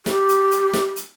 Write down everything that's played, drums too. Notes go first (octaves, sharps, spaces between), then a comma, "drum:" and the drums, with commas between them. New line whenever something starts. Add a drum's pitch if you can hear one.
G4, drum: snare
drum: hi-hat
drum: hi-hat
drum: snare
drum: hi-hat